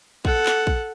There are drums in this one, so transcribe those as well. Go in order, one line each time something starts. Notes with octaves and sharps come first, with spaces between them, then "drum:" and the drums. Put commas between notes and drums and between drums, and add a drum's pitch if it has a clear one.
A4 F#5, drum: kick A#1
drum: clap
drum: kick A#1